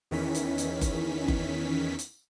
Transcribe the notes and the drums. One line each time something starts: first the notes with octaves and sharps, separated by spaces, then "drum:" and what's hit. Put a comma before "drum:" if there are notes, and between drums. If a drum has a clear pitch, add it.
E2 D#3 E3 C#4 B6
drum: hi-hat
drum: hi-hat
drum: kick F#1, hi-hat
drum: kick F#1
drum: hi-hat